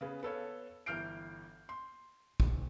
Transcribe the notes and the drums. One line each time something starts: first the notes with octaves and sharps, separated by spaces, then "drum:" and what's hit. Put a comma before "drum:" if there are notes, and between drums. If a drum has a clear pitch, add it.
C#3 B3 G#4
B3 A4 C#5 F5
G1 E3 F6 G6 C7 D7
C6
D#1, drum: kick